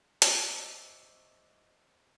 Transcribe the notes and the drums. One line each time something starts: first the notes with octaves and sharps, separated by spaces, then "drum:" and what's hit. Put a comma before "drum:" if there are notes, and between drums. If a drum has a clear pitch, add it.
C5 D#5 E5 C#6 D6 E6, drum: hi-hat